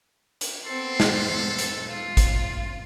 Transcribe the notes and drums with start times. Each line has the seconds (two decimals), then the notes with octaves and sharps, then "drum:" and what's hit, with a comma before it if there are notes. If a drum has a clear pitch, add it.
0.41 drum: hi-hat
0.66 B3 C4 A4 C6
1.00 drum: snare
1.58 drum: hi-hat
1.88 F4
2.17 drum: kick, hi-hat